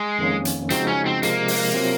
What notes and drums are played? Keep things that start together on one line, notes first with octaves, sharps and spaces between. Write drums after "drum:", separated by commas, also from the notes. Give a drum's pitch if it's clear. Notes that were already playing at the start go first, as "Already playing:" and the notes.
Already playing: G#3
F2 D#3 A#3 C#4
drum: hi-hat
C#3 F3 G#3 C4 D#4 F#4, drum: hi-hat
C#4
C4
C3 F3 G#3 A#3, drum: hi-hat
drum: open hi-hat
C3 F#3 C4 F4